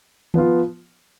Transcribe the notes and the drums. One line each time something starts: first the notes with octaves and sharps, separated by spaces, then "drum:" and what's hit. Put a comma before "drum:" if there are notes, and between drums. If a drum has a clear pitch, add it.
F3 B3 F4, drum: tom D#3